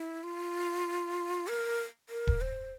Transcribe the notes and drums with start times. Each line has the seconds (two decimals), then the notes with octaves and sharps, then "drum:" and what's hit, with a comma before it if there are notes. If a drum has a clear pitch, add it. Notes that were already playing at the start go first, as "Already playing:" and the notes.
Already playing: E4
0.23 F4
1.48 A#4
2.09 A#4
2.27 drum: kick D#1
2.41 C5